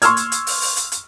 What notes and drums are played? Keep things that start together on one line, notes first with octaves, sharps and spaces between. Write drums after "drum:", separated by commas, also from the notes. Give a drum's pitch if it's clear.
C6 C#6 E6 F6 G#6, drum: hi-hat
drum: hi-hat
drum: hi-hat
drum: open hi-hat
drum: open hi-hat
drum: hi-hat
drum: hi-hat